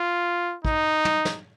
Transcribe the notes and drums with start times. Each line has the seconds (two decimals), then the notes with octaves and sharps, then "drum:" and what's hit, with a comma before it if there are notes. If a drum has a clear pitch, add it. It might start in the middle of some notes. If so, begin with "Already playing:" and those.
Already playing: F4
0.65 D#4, drum: kick
1.05 drum: tom
1.25 drum: snare